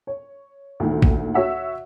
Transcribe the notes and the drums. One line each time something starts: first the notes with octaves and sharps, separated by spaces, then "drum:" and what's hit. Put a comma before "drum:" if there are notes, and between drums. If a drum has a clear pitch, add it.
C#5
D2 A#2 D#3
drum: kick
F#4 C#5 E5 F#5